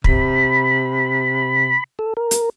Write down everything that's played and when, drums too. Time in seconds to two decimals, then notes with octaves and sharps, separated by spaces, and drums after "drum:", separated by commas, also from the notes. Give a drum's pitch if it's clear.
0.04 C3 B5, drum: kick
1.99 A4
2.17 A#4
2.31 drum: hi-hat